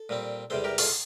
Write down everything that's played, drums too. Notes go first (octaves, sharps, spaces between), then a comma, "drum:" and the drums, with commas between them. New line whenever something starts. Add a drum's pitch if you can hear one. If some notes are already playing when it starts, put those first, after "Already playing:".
Already playing: A4
A#2 G3 C4
E2 C3 G3 A4 C5
G4 A#4
F4 A4, drum: open hi-hat